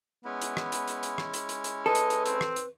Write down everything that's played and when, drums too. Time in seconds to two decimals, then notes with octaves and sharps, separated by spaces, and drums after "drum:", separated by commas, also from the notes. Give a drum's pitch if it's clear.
0.25 G#3 B3 C#4 E4
0.41 drum: hi-hat
0.57 drum: rim click
0.72 drum: hi-hat
0.88 drum: hi-hat
1.03 drum: hi-hat
1.18 drum: rim click
1.34 drum: hi-hat
1.49 drum: hi-hat
1.64 drum: hi-hat
1.86 A4 B4 D#5
1.95 drum: hi-hat
2.10 drum: hi-hat
2.26 C4, drum: hi-hat
2.41 drum: rim click
2.56 drum: hi-hat